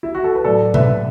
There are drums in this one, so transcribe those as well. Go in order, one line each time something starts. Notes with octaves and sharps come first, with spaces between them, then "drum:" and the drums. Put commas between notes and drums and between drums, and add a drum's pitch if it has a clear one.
E4
F#4
A4
B4
A2 F#3 A4 D5
B4 E5, drum: tom B2